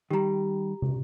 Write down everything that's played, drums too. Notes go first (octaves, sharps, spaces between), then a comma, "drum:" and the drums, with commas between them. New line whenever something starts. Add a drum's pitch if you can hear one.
D#3 G3 G4 A#5
drum: tom